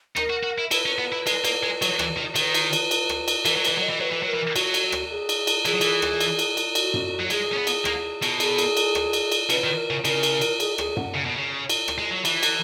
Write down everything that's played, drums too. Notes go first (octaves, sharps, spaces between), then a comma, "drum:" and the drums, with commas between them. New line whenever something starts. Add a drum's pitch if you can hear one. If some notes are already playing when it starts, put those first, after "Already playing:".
D#4 A#4, drum: rim click
F#4
F#4
E4
E4 B4, drum: cymbal
C#4
B3
E4
G#3, drum: cymbal
A#3, drum: cymbal
G#3
F#3, drum: cymbal
E3, drum: rim click
D#3
D#3 B4, drum: cymbal
drum: cymbal
drum: cymbal
drum: cymbal
drum: rim click
drum: cymbal
E3 B4, drum: cymbal
F#3
E3 B4, drum: cymbal
F#3 D#5
E3
F#3 B4
E3
F#3
A#4
E3
F#3 F#4, drum: cymbal
drum: cymbal
drum: rim click
G#4
drum: cymbal
drum: cymbal
E3 G#4, drum: cymbal
F#3
E3, drum: cymbal
drum: rim click
drum: cymbal
drum: cymbal
drum: cymbal
F#4, drum: cymbal
drum: tom F#2
F#3
G#3 G#4, drum: cymbal
C#4
B3
drum: cymbal
A#3, drum: rim click
B2, drum: cymbal
G#4, drum: cymbal
drum: cymbal
drum: cymbal
drum: rim click
drum: cymbal
drum: cymbal
C#3 B4, drum: cymbal
D#3
A#4
C#3
C#3 A#4, drum: cymbal
drum: cymbal
drum: cymbal
G#4, drum: cymbal
G#4, drum: rim click
F#5, drum: tom F#2
C#3
B2
C#3
drum: cymbal
drum: rim click
G#3
F#3
E3, drum: cymbal
drum: cymbal